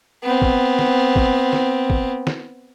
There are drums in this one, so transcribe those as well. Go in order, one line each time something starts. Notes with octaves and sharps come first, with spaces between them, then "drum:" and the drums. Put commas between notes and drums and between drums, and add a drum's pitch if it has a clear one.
B3 C4
drum: kick
drum: snare
drum: kick
drum: snare
drum: kick
drum: snare